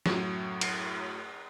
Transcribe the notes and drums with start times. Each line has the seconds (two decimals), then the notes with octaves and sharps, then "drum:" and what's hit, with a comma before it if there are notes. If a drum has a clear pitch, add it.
0.06 F#2 A2 F#3, drum: snare
0.61 drum: cymbal